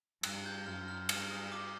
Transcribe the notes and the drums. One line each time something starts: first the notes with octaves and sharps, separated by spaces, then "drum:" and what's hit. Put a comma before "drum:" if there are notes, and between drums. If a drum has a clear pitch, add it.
G2 F#6, drum: cymbal
G6
F#2 F6
F6
G2, drum: cymbal
D#6
D6